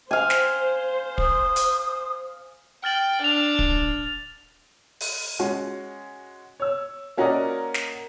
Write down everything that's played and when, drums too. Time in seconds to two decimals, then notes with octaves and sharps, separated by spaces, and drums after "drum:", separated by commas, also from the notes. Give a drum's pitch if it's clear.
0.11 C5 F5 G#5
0.30 drum: snare
1.18 D#6, drum: kick
1.56 drum: hi-hat
2.84 G5 F6 A6 F#7
3.22 D4 F6 F7 F#7
3.59 drum: kick
3.68 D1
5.01 drum: open hi-hat
5.39 G#3 C#4 F#4
6.60 C#5 E6
7.17 A#3 C#4 F#4 A#4 D5 D#5
7.74 drum: snare